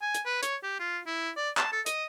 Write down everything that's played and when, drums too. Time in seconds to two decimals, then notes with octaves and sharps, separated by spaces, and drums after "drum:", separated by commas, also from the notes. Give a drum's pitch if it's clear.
0.02 G#5
0.15 drum: hi-hat
0.26 B4
0.43 C#5, drum: hi-hat
0.63 G4
0.79 F4
1.07 E4
1.37 D5
1.57 A5, drum: clap
1.72 A4
1.86 D#5, drum: hi-hat